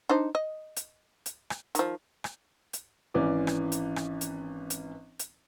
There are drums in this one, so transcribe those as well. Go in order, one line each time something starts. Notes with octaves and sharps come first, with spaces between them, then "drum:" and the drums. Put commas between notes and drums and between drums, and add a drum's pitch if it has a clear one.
D4 D#4 C5
D#5
drum: hi-hat
drum: hi-hat
drum: rim click
D#3 F3, drum: hi-hat
drum: rim click
drum: hi-hat
G#1 E3 C#4 D5 D6
drum: rim click
drum: hi-hat
drum: rim click
drum: hi-hat
drum: hi-hat
drum: hi-hat